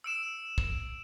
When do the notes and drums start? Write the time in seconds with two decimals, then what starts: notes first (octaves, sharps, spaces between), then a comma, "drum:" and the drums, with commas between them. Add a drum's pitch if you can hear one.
0.04 E6 D7 E7
0.58 drum: kick